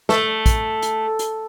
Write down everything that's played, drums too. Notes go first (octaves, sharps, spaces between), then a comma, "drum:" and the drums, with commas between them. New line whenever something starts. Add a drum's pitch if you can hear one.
A3, drum: snare
drum: kick, hi-hat
drum: hi-hat
drum: hi-hat